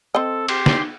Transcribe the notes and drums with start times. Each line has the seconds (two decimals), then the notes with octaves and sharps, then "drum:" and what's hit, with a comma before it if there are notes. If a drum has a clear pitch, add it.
0.15 C4 A4 D#5
0.48 G4 C6, drum: cymbal
0.66 drum: snare